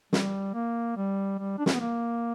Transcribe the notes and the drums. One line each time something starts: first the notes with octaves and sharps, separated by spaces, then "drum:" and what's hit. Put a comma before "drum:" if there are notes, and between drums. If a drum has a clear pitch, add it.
G3, drum: snare
A#3
G3
G3
D4
C#4, drum: snare
B3
A#3